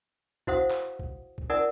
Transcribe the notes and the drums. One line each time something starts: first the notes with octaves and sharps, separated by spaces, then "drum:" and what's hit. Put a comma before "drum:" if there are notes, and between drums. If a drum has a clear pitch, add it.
E4 F#4 C5 F5 F#5 D#6, drum: kick B1
drum: clap
drum: kick B1
drum: kick B1
E4 A#4 D5 F#5 G#5 D#6